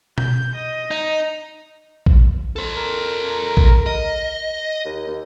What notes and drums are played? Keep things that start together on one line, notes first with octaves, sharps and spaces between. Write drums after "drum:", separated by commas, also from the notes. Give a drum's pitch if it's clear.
G6, drum: tom B2
D#5
D#4
drum: kick
A4 C5
A#4
drum: kick
D#5
D#2
D#2